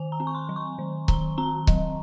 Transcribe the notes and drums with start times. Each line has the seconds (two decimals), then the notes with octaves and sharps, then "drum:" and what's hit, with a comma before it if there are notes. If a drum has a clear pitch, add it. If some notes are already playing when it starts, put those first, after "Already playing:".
Already playing: D#3 G#5
0.12 A#5
0.20 C4
0.27 C#6
0.35 C6
0.49 F#3
0.56 C#6
0.79 D#3
1.08 D#3 A#5, drum: kick C#1
1.38 C4 A#5
1.67 F#3, drum: kick C#1